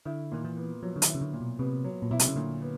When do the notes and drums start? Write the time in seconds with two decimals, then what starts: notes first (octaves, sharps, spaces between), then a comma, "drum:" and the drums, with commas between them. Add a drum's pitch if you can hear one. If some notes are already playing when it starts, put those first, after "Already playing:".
0.05 D3 E4
0.32 A#2 D#3
0.45 E3
0.57 B3
0.83 F3 F#3
0.96 D3
1.02 D#3, drum: hi-hat
1.08 E4
1.15 C#3
1.21 D3
1.33 A#2
1.40 B2
1.59 C3 B3
1.84 F#3
2.02 A#2
2.11 B2 E4
2.19 C3, drum: hi-hat
2.28 C#3
2.36 A#2 D3
2.62 B3